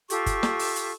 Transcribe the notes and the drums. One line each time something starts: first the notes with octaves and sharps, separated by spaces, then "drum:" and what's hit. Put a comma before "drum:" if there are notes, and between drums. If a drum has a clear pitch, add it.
F4 G4 A4 C#6, drum: hi-hat
drum: kick F#1, hi-hat
drum: snare
drum: open hi-hat
drum: hi-hat